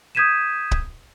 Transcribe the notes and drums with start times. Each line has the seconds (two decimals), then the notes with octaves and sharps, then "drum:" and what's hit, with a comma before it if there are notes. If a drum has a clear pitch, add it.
0.15 D#6 G6 G#6 B6 D#7 E7
0.71 drum: kick